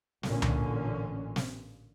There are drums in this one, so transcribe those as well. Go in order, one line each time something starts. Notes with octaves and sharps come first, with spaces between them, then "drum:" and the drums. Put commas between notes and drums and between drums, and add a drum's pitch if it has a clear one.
A1 A#2 D3 C#4, drum: snare
drum: tom C#2
drum: snare